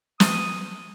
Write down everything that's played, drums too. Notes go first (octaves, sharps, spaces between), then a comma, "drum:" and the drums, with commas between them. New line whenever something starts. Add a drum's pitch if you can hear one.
D#6, drum: snare